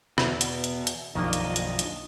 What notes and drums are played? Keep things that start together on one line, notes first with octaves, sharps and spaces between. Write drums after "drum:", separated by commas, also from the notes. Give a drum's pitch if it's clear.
E2 B2, drum: rim click
drum: hi-hat
drum: hi-hat
drum: hi-hat
B1 F#2 D#3 F3 A#3 D4 F4 D#5
drum: hi-hat
drum: hi-hat
drum: hi-hat